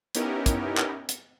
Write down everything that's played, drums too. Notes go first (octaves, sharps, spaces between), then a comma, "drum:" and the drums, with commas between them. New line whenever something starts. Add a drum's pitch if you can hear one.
B3 C#4 D#4 E4 G4 A#4, drum: hi-hat
drum: kick, hi-hat
drum: clap
drum: hi-hat